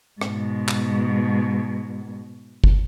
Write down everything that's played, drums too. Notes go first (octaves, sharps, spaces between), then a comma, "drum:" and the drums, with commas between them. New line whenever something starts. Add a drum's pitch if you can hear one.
G#2 B2, drum: rim click
drum: clap
drum: kick